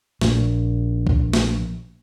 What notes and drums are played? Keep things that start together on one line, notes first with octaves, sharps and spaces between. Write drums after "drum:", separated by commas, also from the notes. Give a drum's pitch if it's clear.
A#1 A#2, drum: snare
drum: kick
drum: snare